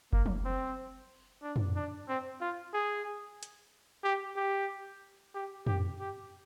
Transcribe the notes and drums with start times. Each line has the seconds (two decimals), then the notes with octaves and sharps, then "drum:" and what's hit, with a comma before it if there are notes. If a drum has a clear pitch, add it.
0.13 A#3, drum: kick F#1
0.26 drum: tom
0.45 C4
1.43 D4
1.56 drum: tom
1.76 D4
2.08 C4
2.41 F4
2.74 G#4
3.43 drum: hi-hat
4.04 G4
4.37 G4
5.35 G4
5.67 G4, drum: tom
6.00 G4